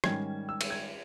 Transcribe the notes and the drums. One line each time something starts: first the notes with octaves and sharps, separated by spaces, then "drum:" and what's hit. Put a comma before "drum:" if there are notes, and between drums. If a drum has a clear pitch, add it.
G#2 D#3 G3 C#4 G#6, drum: rim click
E6
drum: cymbal
G#6